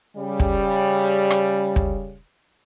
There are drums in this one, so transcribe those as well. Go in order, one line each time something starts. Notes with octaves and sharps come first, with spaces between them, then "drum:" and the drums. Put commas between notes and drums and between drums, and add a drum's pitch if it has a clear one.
C#3 G3
drum: kick
drum: rim click
drum: kick